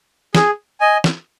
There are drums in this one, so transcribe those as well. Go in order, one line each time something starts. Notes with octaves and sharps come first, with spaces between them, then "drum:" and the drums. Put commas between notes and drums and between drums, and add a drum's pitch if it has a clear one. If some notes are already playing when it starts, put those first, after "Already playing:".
G#4, drum: snare
D#5 G#5
drum: snare